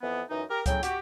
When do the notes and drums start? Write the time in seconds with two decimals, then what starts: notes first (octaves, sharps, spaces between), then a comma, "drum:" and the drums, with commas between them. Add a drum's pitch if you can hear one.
0.02 F2 E3 B3
0.30 F#2 E3 D#4
0.50 G4 A#4
0.66 A2 C#3 F#3 G5, drum: kick C#2, hi-hat
0.83 F#4 G4, drum: hi-hat